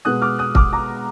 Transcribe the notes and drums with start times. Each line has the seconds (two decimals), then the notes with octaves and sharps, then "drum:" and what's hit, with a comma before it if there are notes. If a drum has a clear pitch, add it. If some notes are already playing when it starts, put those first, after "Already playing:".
0.05 B2 G#3 B3 D#6 F#6
0.22 D6 F6
0.39 D#6 F#6
0.55 D6 F6, drum: kick
0.73 A#5 D6